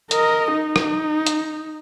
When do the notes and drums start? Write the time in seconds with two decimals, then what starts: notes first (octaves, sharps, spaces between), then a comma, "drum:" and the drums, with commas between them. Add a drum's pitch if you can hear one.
0.11 A#4 D#5, drum: hi-hat
0.52 D#4
0.76 drum: rim click
1.26 drum: hi-hat